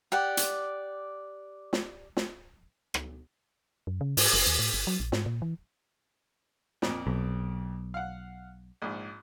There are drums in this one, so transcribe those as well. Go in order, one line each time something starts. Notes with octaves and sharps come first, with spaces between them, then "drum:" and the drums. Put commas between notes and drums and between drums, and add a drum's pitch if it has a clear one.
G4 D5 F#5
drum: hi-hat
drum: snare
drum: snare
drum: rim click
F#2
C#3
G#2, drum: open hi-hat
F#1
D#2
A2
G1
F#3
A#1
G#2, drum: snare
A#2
E3
F2 A#2, drum: snare
B1
F5 F#5
A#1 G#2